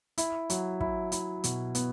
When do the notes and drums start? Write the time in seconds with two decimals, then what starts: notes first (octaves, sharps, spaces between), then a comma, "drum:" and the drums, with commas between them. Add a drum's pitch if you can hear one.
0.18 E4, drum: hi-hat
0.50 F#3, drum: hi-hat
0.81 E4, drum: kick
1.12 E4, drum: hi-hat
1.44 B2, drum: hi-hat
1.75 B3, drum: hi-hat